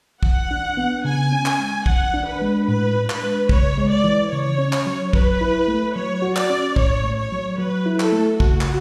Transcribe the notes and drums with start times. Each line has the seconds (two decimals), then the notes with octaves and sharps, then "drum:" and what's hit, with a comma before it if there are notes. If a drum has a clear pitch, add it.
0.23 E3 F#5, drum: kick
0.51 D4
0.77 B3
1.05 C#3 G#5
1.32 C#4
1.46 drum: clap
1.59 G#3
1.86 E3 F#5, drum: kick
2.14 D4
2.28 B4
2.41 G#3
2.68 A2 B4
2.95 D4
3.10 B4, drum: clap
3.23 G#3
3.49 C#3 C#5, drum: kick
3.78 G#3
3.91 D5
4.04 E3
4.31 C#3 C#5
4.58 C#4
4.73 drum: clap
4.86 F#3
5.13 F#3 B4, drum: kick
5.41 E4
5.68 A3
5.95 F#3 C#5
6.22 F#4
6.36 D5, drum: clap
6.50 C#4
6.76 A2 C#5, drum: kick
7.04 A3
7.18 C#5
7.32 F#3
7.58 F#3 B4
7.86 E4
8.00 A4, drum: clap
8.13 A3
8.40 C#3 F#4, drum: kick
8.61 drum: clap